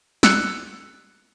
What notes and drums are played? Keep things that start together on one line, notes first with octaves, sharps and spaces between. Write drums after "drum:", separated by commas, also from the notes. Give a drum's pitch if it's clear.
E6 F#6 C#7, drum: snare